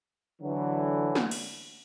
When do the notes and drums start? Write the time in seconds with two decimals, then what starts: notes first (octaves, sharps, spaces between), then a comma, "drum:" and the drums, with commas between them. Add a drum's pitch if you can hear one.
0.42 D3 E3 F#3
1.15 drum: snare
1.31 drum: cymbal